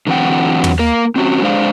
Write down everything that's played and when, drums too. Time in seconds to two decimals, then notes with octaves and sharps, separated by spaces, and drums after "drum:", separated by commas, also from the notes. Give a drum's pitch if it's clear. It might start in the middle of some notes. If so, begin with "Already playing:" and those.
0.07 D3 E3 F#3 C4 F#5 G5
0.64 drum: tom
0.79 A#3 A#4
1.16 C4 C#4 F#4
1.42 G#3 D4 C5 D5 F5